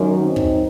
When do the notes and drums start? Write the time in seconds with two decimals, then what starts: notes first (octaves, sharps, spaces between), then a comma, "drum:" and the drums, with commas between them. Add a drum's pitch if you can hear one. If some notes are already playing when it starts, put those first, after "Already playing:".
Already playing: F#2 D#3 F#3
0.20 C4 D#4
0.36 drum: kick